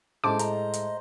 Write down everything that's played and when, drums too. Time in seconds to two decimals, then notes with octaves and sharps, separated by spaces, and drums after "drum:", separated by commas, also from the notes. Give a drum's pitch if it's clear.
0.24 A2 G#3 A3 C#4 C5 A5 D6
0.39 D#5 A#5, drum: hi-hat
0.74 drum: hi-hat